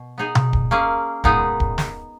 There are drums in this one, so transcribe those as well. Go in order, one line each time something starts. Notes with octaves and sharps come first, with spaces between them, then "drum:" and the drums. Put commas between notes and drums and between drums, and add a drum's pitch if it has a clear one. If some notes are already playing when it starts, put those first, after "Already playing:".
Already playing: B2
B3 D#4 G#4
drum: tom B2
drum: kick
A#3 C#4 G#4
A#2 G#3 B3 D#4 G#4, drum: kick
drum: kick
drum: snare